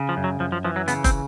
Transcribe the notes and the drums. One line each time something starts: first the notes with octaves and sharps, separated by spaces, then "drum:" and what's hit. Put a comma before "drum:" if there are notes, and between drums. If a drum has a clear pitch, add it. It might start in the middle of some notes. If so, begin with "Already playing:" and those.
Already playing: C#3
F3
F#2
F#3
F#2 F3
F3
E3 F3
F#3
C#3 B3, drum: hi-hat
C4, drum: kick, hi-hat